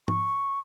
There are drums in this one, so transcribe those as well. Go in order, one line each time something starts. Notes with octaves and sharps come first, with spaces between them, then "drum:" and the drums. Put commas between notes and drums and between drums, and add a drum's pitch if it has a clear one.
C#6, drum: tom G#2